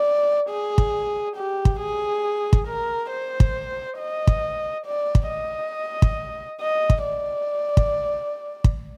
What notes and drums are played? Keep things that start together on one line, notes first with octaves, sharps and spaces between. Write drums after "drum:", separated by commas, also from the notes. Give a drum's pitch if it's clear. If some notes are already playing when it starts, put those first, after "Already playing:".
Already playing: D5
G#4
drum: kick
G4
drum: kick
G#4
drum: kick
A#4
C5
drum: kick
D#5
drum: kick
D5
drum: kick
D#5
drum: kick
D#5
drum: kick
D5
drum: kick
drum: kick